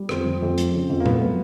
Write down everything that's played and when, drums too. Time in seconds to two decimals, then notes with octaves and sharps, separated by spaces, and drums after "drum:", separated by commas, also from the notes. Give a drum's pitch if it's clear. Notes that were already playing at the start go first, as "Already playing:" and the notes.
Already playing: G3
0.09 F2 C4, drum: rim click
0.26 F2
0.42 F2
0.58 F3, drum: hi-hat
0.74 C#3
0.90 F2
1.00 A#3
1.06 A2 B3, drum: tom A#2
1.21 F#3